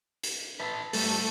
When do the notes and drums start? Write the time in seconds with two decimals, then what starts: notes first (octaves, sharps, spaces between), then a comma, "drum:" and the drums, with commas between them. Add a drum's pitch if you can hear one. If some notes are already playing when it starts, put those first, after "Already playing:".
0.23 drum: hi-hat
0.60 B4 E5 A5
0.93 G2 G3 A3 A4, drum: open hi-hat